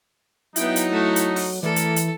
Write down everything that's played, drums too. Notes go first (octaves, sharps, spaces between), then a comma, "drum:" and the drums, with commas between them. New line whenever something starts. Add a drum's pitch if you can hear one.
F#3 B3 D#4 E4 G5, drum: hi-hat
drum: hi-hat
A3 F#4
drum: hi-hat
drum: open hi-hat
E3 A3 E4 A4 A#4 D5
drum: hi-hat
drum: hi-hat